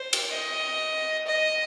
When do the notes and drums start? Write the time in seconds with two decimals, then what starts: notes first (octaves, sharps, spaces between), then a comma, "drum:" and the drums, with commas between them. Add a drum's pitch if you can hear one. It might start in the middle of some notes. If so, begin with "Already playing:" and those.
Already playing: C5
0.13 drum: cymbal
0.31 D#5
1.27 D#5